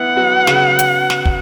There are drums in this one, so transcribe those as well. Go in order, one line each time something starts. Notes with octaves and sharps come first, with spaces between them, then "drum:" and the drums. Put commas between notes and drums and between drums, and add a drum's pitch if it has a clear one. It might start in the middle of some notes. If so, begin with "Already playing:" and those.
Already playing: B3 E4 F#5
F#3 B3
C#3 F#3, drum: snare
drum: hi-hat
drum: snare
drum: kick